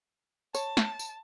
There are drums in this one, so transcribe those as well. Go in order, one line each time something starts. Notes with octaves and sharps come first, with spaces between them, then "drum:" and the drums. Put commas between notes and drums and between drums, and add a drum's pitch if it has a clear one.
C#5 A5, drum: tambourine
drum: snare
drum: tambourine